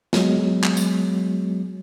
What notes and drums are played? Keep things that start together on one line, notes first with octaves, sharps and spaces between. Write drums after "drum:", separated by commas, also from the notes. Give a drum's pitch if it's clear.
F#3 G#3 B3, drum: snare
drum: clap
drum: tambourine